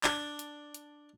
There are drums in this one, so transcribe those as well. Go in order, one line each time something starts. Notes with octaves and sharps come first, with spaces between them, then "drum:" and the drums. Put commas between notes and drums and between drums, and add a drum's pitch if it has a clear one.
D4, drum: clap
drum: hi-hat
drum: hi-hat